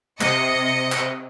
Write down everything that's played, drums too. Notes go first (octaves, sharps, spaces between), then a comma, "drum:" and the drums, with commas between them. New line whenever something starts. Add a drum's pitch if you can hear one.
C3 D#5 C#7, drum: clap
drum: clap